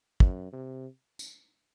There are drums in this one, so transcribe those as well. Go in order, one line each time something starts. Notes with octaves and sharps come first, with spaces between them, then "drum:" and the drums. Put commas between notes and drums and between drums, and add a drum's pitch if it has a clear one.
F#2, drum: kick
C3
drum: tambourine